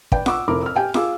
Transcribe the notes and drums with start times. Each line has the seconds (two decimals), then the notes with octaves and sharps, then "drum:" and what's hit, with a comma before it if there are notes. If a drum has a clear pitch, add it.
0.12 B4 D5 G5, drum: kick
0.26 F#5 C#6 D6 E6, drum: snare F4
0.48 F1 E4 A#4 D6
0.62 E6 F6
0.76 G4 G5 G#5
0.94 F4 G#4 F5 D6 E6, drum: snare F4